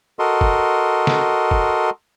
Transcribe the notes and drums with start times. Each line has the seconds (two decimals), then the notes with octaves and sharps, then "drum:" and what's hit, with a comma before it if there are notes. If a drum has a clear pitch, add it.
0.19 F#4 A4 A#4 D#5 C6
0.41 drum: kick
1.07 drum: snare
1.51 drum: kick